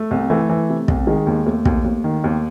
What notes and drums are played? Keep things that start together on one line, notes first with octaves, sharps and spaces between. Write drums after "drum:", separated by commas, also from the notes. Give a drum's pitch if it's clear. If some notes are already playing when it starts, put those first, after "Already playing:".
Already playing: A3
C2
E3 A3
E3
C3
C2, drum: kick
D#3 G#3
D#2
D#2 A3
D#2, drum: kick
D#2
D#3
D#2